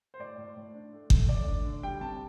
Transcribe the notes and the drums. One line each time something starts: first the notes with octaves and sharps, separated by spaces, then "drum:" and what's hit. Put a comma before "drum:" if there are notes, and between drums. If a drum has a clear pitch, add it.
C5
A2 D5
A2
A2
D4
A3
A3, drum: kick G1
A3 D5
D4
D3
G3 G5
C3 A5